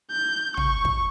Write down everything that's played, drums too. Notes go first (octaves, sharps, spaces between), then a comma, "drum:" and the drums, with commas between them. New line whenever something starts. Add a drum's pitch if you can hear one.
G6
C#6, drum: tom
drum: kick